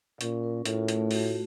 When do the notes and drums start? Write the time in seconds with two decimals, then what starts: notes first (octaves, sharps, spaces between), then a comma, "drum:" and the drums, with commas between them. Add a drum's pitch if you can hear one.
0.21 A#2 C#4, drum: hi-hat
0.43 A#4
0.66 A2 F4, drum: hi-hat
0.88 A3, drum: hi-hat
1.11 F#4, drum: open hi-hat